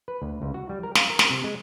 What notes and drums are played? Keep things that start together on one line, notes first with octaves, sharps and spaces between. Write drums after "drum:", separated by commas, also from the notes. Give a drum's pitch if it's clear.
B4
D2
C#2
F#4
G3
A#4
F5, drum: snare
A#4
drum: snare
C3
G#3